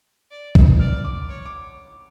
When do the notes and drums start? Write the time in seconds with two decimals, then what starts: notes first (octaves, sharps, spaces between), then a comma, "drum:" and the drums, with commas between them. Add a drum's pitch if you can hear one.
0.31 D5
0.55 drum: kick
0.79 D5 F6
1.05 D6
1.29 C#5
1.46 D6